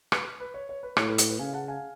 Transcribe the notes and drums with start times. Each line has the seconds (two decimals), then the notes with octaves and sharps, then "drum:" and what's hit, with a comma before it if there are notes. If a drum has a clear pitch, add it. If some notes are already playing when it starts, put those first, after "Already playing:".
0.12 B4, drum: rim click
0.40 B4
0.54 C#5
0.69 C#5
0.83 B4
0.97 A2 C#5, drum: rim click
1.08 B4
1.18 B4, drum: hi-hat
1.29 B4
1.39 C#3 F5 G#5
1.53 F#5 A5
1.68 F5 G#5